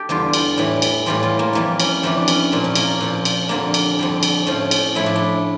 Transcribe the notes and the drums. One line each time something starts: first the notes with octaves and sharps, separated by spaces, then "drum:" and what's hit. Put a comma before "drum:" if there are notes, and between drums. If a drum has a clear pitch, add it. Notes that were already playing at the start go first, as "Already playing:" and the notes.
Already playing: G4 A4
E2 D3 G3 F4
drum: cymbal
A2 E3 G3
drum: cymbal
A2 E3 G3 F4
F4
A#3
F2 E3 G3 A#3
C#4, drum: cymbal
F2 E3 G3 D4
C#4, drum: cymbal
A#2 F3 A#3
C#4
A#3, drum: cymbal
A#2 F3
drum: cymbal
F2 D3 G3 A#3
drum: cymbal
F2 D3 G3
drum: cymbal
A2 F3 C#4
drum: cymbal
A2 F3 E4
D4
E4